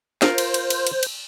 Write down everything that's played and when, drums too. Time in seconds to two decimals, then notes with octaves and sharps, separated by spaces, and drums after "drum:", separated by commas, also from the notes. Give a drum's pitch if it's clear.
0.22 F4 A#4 C5, drum: snare
0.38 drum: cymbal
0.54 drum: cymbal
0.70 drum: cymbal
0.87 drum: cymbal
1.03 drum: cymbal